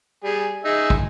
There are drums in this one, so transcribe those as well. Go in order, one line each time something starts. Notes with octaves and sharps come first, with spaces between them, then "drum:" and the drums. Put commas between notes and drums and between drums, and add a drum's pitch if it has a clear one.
G3 G#4
D#4 G#4 E5
drum: kick